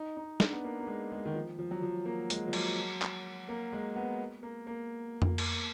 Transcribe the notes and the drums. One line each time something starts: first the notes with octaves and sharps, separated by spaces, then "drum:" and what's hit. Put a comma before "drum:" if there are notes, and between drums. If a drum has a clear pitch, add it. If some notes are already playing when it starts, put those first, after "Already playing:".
Already playing: D#4
D#4
D4, drum: snare
B3
A#3
A#3
G#3
G#3
D#3
F3
F3
F#3
F3
A#3
G#3, drum: hi-hat
F3
F#3, drum: cymbal
drum: clap
A#3
G#3
B3
A#3
A#3
drum: tom F2
drum: cymbal